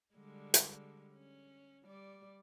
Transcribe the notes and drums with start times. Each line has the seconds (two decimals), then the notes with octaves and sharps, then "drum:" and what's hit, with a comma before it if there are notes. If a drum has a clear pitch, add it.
0.15 D3 G3 G#3
0.54 drum: hi-hat
1.14 C#4
1.85 G3 D5